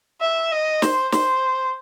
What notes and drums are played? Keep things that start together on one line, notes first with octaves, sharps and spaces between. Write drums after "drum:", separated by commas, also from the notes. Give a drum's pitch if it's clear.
E5
D#5
C5, drum: snare
C5, drum: snare